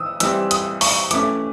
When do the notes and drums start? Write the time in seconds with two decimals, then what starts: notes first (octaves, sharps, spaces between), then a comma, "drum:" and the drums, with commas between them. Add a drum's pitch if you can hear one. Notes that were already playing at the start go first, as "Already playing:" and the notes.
Already playing: E3 D#6 E6
0.20 E3 G3 C4 E6, drum: hi-hat
0.51 D#6, drum: hi-hat
0.81 C#6, drum: open hi-hat
1.11 E3 A3 C#4 D6, drum: hi-hat